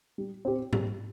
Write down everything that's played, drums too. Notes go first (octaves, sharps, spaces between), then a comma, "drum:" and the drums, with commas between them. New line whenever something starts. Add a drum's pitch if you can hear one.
G3
C4 G4
G3, drum: tom G#2